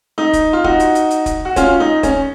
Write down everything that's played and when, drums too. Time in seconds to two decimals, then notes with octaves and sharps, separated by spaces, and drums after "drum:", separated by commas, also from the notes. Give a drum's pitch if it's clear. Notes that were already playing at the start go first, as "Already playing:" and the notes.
0.18 D#4
0.33 drum: kick, hi-hat
0.53 F4
0.64 D#4 F#4, drum: kick
0.80 drum: hi-hat
0.95 drum: hi-hat
1.10 drum: hi-hat
1.26 drum: kick, hi-hat
1.45 F#4
1.56 C#4 F4, drum: kick, hi-hat
1.80 D#4
2.03 C#4, drum: kick, hi-hat